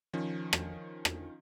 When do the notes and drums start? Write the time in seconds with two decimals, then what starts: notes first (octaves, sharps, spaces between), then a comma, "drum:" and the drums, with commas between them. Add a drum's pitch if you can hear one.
0.13 D#3 F3 C#4
0.53 drum: rim click
1.05 drum: rim click